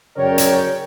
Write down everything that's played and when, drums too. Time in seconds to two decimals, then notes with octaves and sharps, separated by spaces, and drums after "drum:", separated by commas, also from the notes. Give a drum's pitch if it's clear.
0.17 F#2 C#3 A#4 C#5 D5 G5
0.38 drum: hi-hat